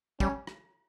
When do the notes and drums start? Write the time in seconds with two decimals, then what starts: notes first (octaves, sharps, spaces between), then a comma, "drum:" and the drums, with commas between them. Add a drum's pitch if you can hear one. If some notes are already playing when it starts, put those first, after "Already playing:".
0.20 G3 C#4, drum: kick, tambourine
0.47 drum: rim click